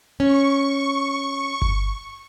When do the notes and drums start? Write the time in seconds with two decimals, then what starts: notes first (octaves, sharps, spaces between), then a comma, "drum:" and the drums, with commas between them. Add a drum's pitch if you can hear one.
0.20 C#4 C#6
1.62 drum: kick G1